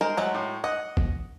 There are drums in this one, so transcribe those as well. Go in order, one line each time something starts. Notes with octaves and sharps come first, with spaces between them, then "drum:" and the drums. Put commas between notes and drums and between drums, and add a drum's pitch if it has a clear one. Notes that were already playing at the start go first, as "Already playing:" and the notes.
G#3 A#4 C5
F#3 G#3 A3 F#5
A2
D#5 F#5
drum: kick